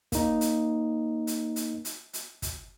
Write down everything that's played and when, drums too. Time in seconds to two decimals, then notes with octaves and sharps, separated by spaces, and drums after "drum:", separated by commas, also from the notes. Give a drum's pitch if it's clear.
0.12 A#3 D#4, drum: kick, hi-hat
0.41 drum: hi-hat
1.27 drum: hi-hat
1.56 drum: hi-hat
1.85 drum: hi-hat
2.13 drum: hi-hat
2.42 drum: kick, hi-hat